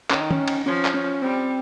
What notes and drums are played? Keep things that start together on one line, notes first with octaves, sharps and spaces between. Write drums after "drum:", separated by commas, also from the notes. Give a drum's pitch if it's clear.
D#3 C#4, drum: clap
D#4
C#4, drum: tom D#3
drum: cymbal
F3 C#4
drum: clap
C#4
G3 C4